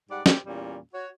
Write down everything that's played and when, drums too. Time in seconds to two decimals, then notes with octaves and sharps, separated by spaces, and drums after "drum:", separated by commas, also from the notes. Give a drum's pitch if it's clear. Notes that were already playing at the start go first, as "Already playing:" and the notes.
0.09 G#2 G3 D5 F#5
0.26 A#2 C4 G4, drum: snare
0.44 E2 A#2 G3 C#4
0.93 F#4 C#5